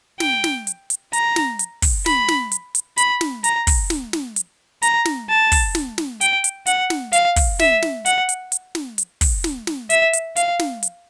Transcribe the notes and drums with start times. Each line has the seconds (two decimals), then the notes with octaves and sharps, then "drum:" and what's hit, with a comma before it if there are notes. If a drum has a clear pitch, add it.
0.20 G5, drum: snare
0.44 drum: snare
0.67 drum: hi-hat
0.90 drum: hi-hat
1.13 A#5, drum: hi-hat
1.36 drum: snare
1.59 drum: hi-hat
1.82 drum: kick, open hi-hat
2.06 B5, drum: snare
2.28 drum: snare
2.52 drum: hi-hat
2.75 drum: hi-hat
2.98 B5, drum: hi-hat
3.21 drum: snare
3.44 A#5, drum: hi-hat
3.67 drum: kick, open hi-hat
3.90 drum: snare
4.13 drum: snare
4.36 drum: hi-hat
4.82 A#5, drum: hi-hat
5.05 drum: snare
5.29 A5
5.52 drum: kick, open hi-hat
5.75 drum: snare
5.98 drum: snare
6.21 G5, drum: hi-hat
6.44 drum: hi-hat
6.66 F#5, drum: hi-hat
6.90 drum: snare
7.13 F5, drum: hi-hat
7.36 drum: kick, open hi-hat
7.59 E5, drum: snare
7.82 drum: snare
8.06 F#5, drum: hi-hat
8.29 drum: hi-hat
8.52 drum: hi-hat
8.75 drum: snare
8.98 drum: hi-hat
9.21 drum: kick, open hi-hat
9.44 drum: snare
9.67 drum: snare
9.90 E5, drum: hi-hat
10.13 drum: hi-hat
10.36 F5, drum: hi-hat
10.59 drum: snare
10.83 drum: hi-hat